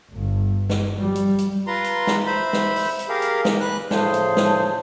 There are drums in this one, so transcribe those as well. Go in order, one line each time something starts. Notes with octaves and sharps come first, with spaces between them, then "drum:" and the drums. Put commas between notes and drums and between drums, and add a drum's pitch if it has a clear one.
G1
drum: snare
G3
drum: hi-hat
drum: hi-hat
F4 B4 A#5 C6
drum: hi-hat
drum: snare
C5 E5 B5
drum: snare
drum: open hi-hat
drum: hi-hat
G4 G#4 A#4 F5
drum: hi-hat
drum: snare
B4 F#6
A2 C#3 F3 G#4 C5 A5, drum: snare
drum: hi-hat
drum: snare